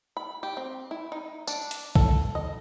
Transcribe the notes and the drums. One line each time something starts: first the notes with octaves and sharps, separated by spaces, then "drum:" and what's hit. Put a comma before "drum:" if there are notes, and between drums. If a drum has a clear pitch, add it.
B5
G4
C4
E4
D#4
D4, drum: tambourine
drum: hi-hat
A4, drum: kick
D#5